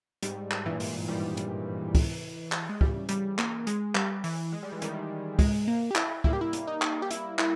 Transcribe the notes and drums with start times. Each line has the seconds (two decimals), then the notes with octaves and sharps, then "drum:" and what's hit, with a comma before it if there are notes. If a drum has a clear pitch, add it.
0.23 G#2 G3, drum: hi-hat
0.51 drum: clap
0.65 G2 A#2 E3
0.80 drum: open hi-hat
1.08 D#3 G3
1.37 drum: hi-hat
1.95 drum: kick, open hi-hat
2.52 drum: clap
2.69 G#3
2.81 C#3 E3 G3, drum: kick
3.09 G3, drum: hi-hat
3.38 A#3, drum: clap
3.67 G#3, drum: hi-hat
3.95 G3, drum: clap
4.24 E3, drum: open hi-hat
4.52 G#3
4.63 G3
4.72 E3
4.82 D#3 G3, drum: hi-hat
5.39 G#3, drum: kick, open hi-hat
5.68 A#3
5.91 G4
5.95 E4, drum: clap
6.24 G3 A#3 E4, drum: kick
6.33 G4
6.41 E4
6.53 drum: hi-hat
6.67 D#4
6.82 drum: clap
7.02 G4
7.11 E4, drum: hi-hat
7.39 E4, drum: clap